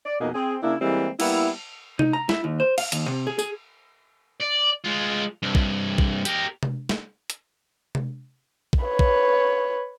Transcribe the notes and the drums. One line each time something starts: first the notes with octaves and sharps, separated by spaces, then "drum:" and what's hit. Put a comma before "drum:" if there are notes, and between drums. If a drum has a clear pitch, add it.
D5
F2 B2 A#3 D#4 G#4
C4 G#4
C#3 A#3 D4 E4
E3 G3 G#3 A#3 C4 E4
G3 A#3 B3 E4, drum: cymbal
D#4, drum: tom C3
A#5
E4, drum: snare
D#2
C5
F5, drum: cymbal
D#2, drum: hi-hat
C3
G#4
G#4, drum: tambourine
D5
G#3 F4
C2 G2
drum: kick A#1
drum: kick A#1
G4 A#4, drum: hi-hat
drum: tom C3
drum: snare
drum: hi-hat
drum: tom C3
drum: kick A#1
B4 C#5
drum: kick A#1